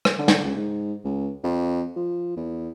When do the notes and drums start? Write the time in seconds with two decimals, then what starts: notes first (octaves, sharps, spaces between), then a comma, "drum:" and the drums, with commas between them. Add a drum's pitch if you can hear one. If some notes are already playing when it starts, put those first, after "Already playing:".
0.05 drum: rim click
0.19 D3
0.28 drum: snare
0.44 C#2
0.56 G#2
1.04 C#2
1.44 F2
1.96 F3
2.37 E2